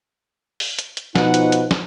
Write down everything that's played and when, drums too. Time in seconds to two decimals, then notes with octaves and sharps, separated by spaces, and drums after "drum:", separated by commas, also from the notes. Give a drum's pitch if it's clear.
0.60 drum: open hi-hat
0.79 drum: hi-hat
0.97 drum: hi-hat
1.15 B2 F3 D#4 B4 F#5, drum: snare
1.34 drum: hi-hat
1.52 drum: hi-hat
1.71 drum: snare